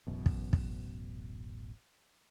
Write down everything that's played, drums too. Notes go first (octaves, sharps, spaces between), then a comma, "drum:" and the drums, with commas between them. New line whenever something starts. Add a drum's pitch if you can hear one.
D1 A1 F#2 B2
drum: kick
drum: kick